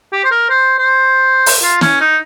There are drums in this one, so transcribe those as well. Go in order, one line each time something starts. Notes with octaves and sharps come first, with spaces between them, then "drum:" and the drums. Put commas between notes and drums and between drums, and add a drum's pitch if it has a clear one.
G4
C5
A#4
C5
C5
drum: open hi-hat
F4
C#4, drum: snare
D#4